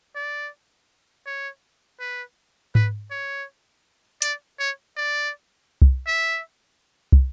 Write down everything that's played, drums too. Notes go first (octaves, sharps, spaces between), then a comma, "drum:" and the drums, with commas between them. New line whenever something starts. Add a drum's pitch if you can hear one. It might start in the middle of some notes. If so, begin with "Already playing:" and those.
D5
C#5
B4
B4, drum: tom G#2
C#5
D5, drum: hi-hat
C#5
D5
drum: kick
E5
drum: kick